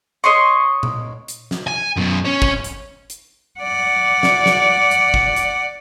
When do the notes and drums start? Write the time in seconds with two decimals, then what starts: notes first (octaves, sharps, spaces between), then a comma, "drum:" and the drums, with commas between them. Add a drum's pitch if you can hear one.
0.24 C#5 D#5 C6 C#6
0.83 drum: tom A#2
1.28 drum: hi-hat
1.51 drum: snare
1.67 G#5
1.96 F#2 B2
2.25 C#4 C#5
2.42 drum: kick
2.64 drum: hi-hat
3.10 drum: hi-hat
3.60 D5 F#5
4.23 drum: snare
4.46 drum: snare
4.91 drum: hi-hat
5.14 drum: kick
5.36 drum: hi-hat